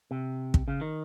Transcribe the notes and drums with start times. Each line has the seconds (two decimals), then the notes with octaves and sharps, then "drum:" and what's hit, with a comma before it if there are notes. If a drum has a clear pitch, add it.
0.11 C3
0.54 drum: kick
0.68 C#3
0.81 D#3